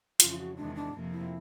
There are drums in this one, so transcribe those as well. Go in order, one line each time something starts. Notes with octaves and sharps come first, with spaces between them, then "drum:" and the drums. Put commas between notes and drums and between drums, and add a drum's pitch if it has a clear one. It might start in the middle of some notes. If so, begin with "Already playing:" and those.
F2 C#3 E3 F4, drum: hi-hat
F4
F#4
E2 C3 D#3 G#3 D4
D4
F2 C3 F3 A#3
E4